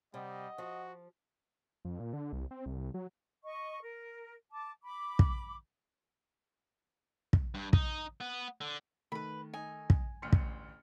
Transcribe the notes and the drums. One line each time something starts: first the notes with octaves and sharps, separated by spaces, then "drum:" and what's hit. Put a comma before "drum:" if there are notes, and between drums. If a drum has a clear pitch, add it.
C3 G3 D#5 F#5
F3 F#4
F2
A#2
D3
C2
C4
C2
F#3
D#5 C#6
A#4
A5 D6
B5 D6
drum: kick
drum: kick
G2
D#4, drum: kick
B3
D3
D#3 A3 B4 B5
D#4 G#5
drum: kick
A1 D2 C6 F6 C#7
drum: kick